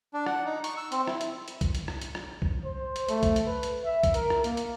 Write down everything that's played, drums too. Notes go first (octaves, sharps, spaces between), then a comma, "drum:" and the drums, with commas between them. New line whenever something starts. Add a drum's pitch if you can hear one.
D4
F#5, drum: rim click
D#4
C#6, drum: hi-hat
E6
C4, drum: hi-hat
E4, drum: rim click
drum: hi-hat
drum: hi-hat
drum: kick C2, hi-hat
drum: hi-hat
drum: rim click
drum: hi-hat
drum: rim click
drum: kick C2
C5
drum: hi-hat
A3, drum: hi-hat
drum: kick C2, hi-hat
drum: hi-hat
B4
drum: hi-hat
E5
drum: kick C2, hi-hat
A#4, drum: hi-hat
drum: rim click
A#3, drum: hi-hat
drum: hi-hat